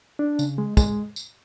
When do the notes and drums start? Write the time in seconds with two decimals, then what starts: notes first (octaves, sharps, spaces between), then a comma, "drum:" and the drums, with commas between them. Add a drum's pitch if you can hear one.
0.19 D4
0.39 C#3, drum: tambourine
0.58 G#3
0.77 G#3, drum: kick, tambourine
1.16 drum: tambourine